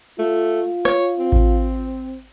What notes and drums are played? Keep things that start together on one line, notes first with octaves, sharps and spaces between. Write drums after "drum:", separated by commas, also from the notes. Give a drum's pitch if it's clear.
A3 F4
C#5, drum: rim click
C4
drum: kick A1